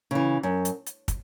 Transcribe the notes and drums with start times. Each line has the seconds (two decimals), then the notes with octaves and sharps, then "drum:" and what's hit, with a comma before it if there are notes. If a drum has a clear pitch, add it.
0.11 C#3 E3
0.43 F#2
0.65 drum: hi-hat
0.86 drum: hi-hat
1.08 drum: kick, hi-hat